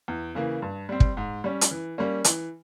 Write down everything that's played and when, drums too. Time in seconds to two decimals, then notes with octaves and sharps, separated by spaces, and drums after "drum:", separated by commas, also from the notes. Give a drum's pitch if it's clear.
0.08 E2
0.35 C#3 E3 A#3
0.62 G2
0.89 G3 C4
1.00 drum: kick
1.17 G#2
1.44 G3 C#4
1.61 drum: hi-hat
1.71 E3
1.98 G3 A#3 C#4
2.24 E3, drum: hi-hat